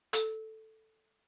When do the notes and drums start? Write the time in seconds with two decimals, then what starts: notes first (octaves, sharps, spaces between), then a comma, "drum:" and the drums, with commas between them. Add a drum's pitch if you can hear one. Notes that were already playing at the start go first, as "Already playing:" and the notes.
0.13 A4, drum: hi-hat